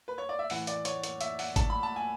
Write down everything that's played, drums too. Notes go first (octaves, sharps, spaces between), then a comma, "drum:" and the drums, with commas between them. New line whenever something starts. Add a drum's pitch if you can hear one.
B4
C#5
D5
E5
A2 E3 F#5, drum: open hi-hat
D5, drum: hi-hat
C#5, drum: hi-hat
C#5, drum: hi-hat
E5, drum: hi-hat
F#5, drum: open hi-hat
A5, drum: kick G#1, hi-hat
B5
A5
G#5